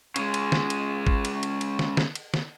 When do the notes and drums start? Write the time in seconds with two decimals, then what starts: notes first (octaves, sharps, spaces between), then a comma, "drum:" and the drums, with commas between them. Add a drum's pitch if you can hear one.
0.16 C#3 G#3, drum: cymbal
0.34 drum: cymbal
0.52 drum: snare
0.70 drum: cymbal
1.07 drum: kick
1.25 drum: cymbal
1.43 drum: cymbal
1.61 drum: cymbal
1.79 drum: snare
1.97 drum: snare
2.15 drum: cymbal
2.34 drum: snare